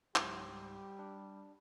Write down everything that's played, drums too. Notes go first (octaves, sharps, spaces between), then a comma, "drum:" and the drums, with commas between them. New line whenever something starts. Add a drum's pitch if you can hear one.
C#2 G#2 F#3 G4 C6, drum: clap
G3
D4